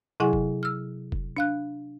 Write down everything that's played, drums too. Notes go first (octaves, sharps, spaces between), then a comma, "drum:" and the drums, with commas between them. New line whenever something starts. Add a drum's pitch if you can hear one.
C3 F#3 E4 G#4 F#5 G#5
drum: kick F1
E6 F6
drum: kick F1
D4 F5 F#6